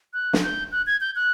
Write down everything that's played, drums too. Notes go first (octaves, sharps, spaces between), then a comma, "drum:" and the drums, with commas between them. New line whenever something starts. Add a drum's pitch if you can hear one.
F#6
drum: snare
G6
F#6
G#6
G6
F#6